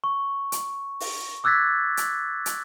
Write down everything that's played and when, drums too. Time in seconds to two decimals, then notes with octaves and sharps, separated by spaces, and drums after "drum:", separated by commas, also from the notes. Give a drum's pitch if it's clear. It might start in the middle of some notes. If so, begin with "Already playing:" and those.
0.04 C#6
0.52 drum: hi-hat
1.00 drum: open hi-hat
1.44 D6 E6 F#6 G#6 A6 B6
1.97 drum: hi-hat
2.46 drum: hi-hat